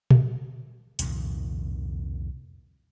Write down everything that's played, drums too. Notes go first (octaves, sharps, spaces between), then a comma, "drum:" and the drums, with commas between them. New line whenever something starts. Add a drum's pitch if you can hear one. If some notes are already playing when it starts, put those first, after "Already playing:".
drum: tom A#2
C2 F2 A#2 D#3, drum: hi-hat